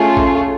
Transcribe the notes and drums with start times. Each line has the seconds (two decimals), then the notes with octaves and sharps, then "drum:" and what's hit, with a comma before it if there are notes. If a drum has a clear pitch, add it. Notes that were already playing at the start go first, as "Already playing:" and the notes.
Already playing: A3 C#4 F4 G#4
0.17 drum: kick A1